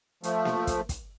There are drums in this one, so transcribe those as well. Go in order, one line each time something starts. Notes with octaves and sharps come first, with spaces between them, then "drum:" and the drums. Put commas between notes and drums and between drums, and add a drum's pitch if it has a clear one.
F3 A3, drum: hi-hat
drum: snare A#3
drum: kick, hi-hat
drum: kick, hi-hat